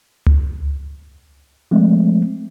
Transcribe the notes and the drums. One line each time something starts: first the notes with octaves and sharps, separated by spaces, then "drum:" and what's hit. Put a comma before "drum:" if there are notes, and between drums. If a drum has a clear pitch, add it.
drum: tom C#2
F3 G#3 A3 C4